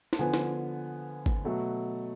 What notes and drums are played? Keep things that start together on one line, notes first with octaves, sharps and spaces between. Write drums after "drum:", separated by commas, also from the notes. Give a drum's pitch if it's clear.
A5, drum: snare
D3 F3 B3 G#5
drum: snare
drum: kick
B2 F#3 A3